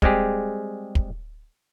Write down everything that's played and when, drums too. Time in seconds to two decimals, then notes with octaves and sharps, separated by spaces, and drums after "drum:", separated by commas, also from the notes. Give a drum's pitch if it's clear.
0.02 G3 G#3 C4 G4 G#4, drum: kick
0.95 drum: kick